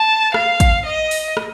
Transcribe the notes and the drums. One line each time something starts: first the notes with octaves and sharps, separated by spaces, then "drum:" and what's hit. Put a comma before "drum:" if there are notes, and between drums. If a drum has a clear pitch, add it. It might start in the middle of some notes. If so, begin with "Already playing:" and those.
Already playing: A5
F5, drum: rim click
drum: kick, hi-hat
D#5
drum: open hi-hat
drum: rim click